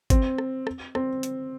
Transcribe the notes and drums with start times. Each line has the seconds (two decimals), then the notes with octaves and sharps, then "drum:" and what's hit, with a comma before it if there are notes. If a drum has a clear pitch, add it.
0.10 C4, drum: kick, hi-hat
0.38 drum: rim click
0.67 drum: rim click
0.95 C4, drum: rim click
1.23 drum: hi-hat